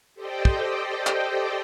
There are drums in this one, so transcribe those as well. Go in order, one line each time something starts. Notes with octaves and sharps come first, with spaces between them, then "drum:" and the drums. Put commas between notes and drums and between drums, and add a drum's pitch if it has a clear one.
G4 A4 C5 D5 D#5 G5
drum: kick
drum: clap